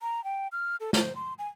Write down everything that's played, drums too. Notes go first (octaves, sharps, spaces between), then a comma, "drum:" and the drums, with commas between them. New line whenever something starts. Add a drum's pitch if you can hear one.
A#5
G5
F6
A4
C5, drum: snare
C6
G#5